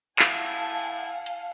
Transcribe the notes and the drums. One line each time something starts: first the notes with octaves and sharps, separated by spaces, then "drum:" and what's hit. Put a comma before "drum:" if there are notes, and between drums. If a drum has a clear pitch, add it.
A2 E4 F5 F#5 G#5 A5, drum: clap
drum: hi-hat